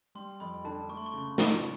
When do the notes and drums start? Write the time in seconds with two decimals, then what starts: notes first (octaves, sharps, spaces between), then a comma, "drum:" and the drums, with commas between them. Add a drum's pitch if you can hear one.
0.15 G3 C6
0.40 F2 B5
0.64 D3 A5
0.89 A3 C#6
0.97 C6
1.06 C#6
1.13 C#3
1.38 F3, drum: snare